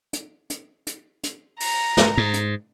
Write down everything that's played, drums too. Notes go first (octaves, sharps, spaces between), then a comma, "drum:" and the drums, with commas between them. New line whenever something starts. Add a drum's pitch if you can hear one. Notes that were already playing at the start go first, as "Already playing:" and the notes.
drum: hi-hat
drum: hi-hat
drum: hi-hat
drum: hi-hat
A#5, drum: open hi-hat
drum: snare
G#2
drum: hi-hat